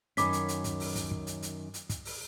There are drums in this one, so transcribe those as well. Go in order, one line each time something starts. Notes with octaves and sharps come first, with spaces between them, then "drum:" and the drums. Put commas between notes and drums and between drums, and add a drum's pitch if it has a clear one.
F#2 D#3 C#4 B5 D6 B6, drum: hi-hat
drum: hi-hat
drum: hi-hat
drum: kick, hi-hat
drum: open hi-hat
drum: kick, hi-hat
drum: kick
drum: hi-hat
drum: hi-hat
drum: hi-hat
drum: kick, hi-hat
drum: open hi-hat